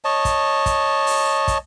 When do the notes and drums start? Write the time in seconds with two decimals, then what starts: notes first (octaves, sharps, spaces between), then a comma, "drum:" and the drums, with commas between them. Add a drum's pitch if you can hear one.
0.05 C#5 D#5 A5
0.25 drum: kick, hi-hat
0.66 drum: kick, hi-hat
1.07 drum: open hi-hat
1.48 drum: kick, hi-hat